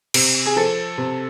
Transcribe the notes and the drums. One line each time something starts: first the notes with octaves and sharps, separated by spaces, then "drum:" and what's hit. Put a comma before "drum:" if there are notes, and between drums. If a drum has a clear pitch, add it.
C3, drum: cymbal
G#4
F3 A4
C3